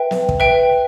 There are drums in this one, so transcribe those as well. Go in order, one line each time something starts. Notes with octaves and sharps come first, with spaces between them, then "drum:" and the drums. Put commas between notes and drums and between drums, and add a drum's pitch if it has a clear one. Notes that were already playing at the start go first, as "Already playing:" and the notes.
Already playing: B4 E5 G5
drum: snare
drum: kick
B4 E5 G5